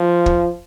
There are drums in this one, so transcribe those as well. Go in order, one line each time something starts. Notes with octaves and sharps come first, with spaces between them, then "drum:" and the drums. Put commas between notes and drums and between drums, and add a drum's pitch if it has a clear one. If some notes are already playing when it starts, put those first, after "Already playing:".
Already playing: F3
drum: kick